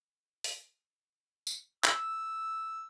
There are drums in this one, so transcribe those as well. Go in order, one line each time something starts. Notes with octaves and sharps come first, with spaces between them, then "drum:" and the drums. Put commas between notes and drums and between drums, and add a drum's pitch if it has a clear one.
drum: open hi-hat
drum: tambourine
E6, drum: clap